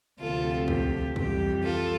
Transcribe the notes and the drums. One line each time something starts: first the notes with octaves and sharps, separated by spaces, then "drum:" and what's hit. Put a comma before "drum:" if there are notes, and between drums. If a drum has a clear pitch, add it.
D2 C3 F3 C4 F4 A4
G4, drum: kick B1
F2 E3 G3 G4, drum: kick B1
F4 A4